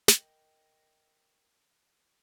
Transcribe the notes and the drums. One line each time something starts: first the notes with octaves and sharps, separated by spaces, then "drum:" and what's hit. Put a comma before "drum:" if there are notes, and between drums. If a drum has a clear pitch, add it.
A#4 D#5 G5, drum: snare